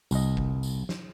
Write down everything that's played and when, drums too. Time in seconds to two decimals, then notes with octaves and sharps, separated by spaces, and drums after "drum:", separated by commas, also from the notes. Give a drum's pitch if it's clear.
0.11 C2 D#5, drum: tambourine
0.37 drum: kick G1
0.63 drum: tambourine
0.89 drum: snare